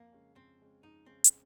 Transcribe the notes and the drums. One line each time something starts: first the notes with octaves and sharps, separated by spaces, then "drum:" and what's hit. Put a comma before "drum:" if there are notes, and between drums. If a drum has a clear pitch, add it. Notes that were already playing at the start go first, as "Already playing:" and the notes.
Already playing: F2 A#3
C#3 G#3 C#4
F2 C4
C#3 G#3 C#4
F2 D#4
C#3 G#3 C4 C#4
drum: hi-hat